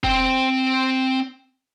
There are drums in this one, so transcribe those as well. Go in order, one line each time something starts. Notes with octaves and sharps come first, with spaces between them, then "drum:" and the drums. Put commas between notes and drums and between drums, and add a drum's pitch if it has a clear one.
C4 G5, drum: kick E1